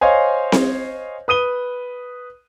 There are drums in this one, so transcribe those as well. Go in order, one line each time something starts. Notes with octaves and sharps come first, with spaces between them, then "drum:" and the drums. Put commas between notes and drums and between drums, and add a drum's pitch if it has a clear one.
C5 C#5 D#5 F5 G#5
drum: snare C4
B4 D#6 D#7 G7